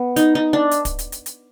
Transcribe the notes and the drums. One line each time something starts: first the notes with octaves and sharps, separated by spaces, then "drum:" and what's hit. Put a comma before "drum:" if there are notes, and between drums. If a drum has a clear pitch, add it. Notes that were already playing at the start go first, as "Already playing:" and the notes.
Already playing: B3
D#4, drum: hi-hat
D#4
D4
drum: hi-hat
drum: kick, hi-hat
drum: hi-hat
drum: hi-hat
drum: hi-hat